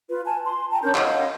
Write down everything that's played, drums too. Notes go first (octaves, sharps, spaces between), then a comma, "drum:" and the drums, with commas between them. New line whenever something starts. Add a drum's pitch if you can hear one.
F4 B4
G#5 A5
C6
G5 A5 A#5
C#4 D4 A#4 G6
C#5 D#5 F5 F#5, drum: clap